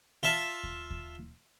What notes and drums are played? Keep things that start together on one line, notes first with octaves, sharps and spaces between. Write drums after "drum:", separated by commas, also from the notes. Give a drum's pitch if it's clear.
F4 E5 A5
drum: kick D#2
drum: kick D#2